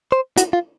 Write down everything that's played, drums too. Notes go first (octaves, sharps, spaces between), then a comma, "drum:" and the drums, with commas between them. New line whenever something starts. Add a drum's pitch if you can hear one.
C5
F#4, drum: hi-hat
F4